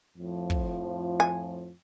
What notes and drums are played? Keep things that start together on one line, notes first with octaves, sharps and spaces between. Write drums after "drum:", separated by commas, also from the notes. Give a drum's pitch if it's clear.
F2 A2 F3
drum: kick
G#5